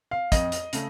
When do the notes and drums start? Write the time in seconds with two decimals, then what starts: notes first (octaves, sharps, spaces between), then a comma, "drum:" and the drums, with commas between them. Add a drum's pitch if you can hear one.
0.11 F5
0.32 F2 D#5, drum: kick, hi-hat
0.52 drum: hi-hat
0.73 C#3 A3, drum: hi-hat